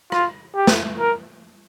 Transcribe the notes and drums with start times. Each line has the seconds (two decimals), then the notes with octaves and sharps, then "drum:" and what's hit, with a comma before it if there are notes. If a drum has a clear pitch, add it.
0.12 F4, drum: rim click
0.56 G4
0.67 drum: snare
0.99 A#4